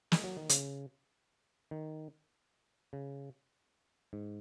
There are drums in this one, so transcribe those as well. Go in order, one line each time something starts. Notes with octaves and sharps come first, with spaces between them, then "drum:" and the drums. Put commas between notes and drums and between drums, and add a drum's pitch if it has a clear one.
G#3, drum: snare
F#3
D#3
C#3, drum: hi-hat
D#3
C#3
G#2